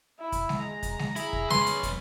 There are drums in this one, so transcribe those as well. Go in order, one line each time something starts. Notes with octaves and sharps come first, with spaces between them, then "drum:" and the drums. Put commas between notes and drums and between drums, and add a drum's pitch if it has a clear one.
E4 E5
drum: kick, hi-hat
drum: snare G#3
G#3 A#5
drum: kick, hi-hat
drum: snare G#3
E4 G#4, drum: hi-hat
drum: kick
C#4 B4 C6, drum: snare G#3
drum: hi-hat
drum: kick, hi-hat